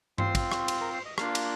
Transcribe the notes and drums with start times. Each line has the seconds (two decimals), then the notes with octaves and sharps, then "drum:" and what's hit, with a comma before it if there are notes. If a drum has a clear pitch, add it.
0.18 C4 F4 C5, drum: tom G2
0.35 drum: kick, cymbal
0.52 drum: rim click
0.68 drum: cymbal
0.81 A#4
0.93 C5
1.05 D#5
1.18 A#3 D4 F4 F5, drum: rim click
1.35 drum: cymbal